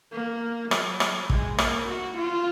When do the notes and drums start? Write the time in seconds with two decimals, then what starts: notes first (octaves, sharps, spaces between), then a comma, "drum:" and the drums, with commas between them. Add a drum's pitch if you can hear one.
0.12 A#3
0.71 F#3, drum: rim click
1.00 drum: rim click
1.30 G#3, drum: kick
1.58 A#3, drum: rim click
1.88 F#4
2.17 F4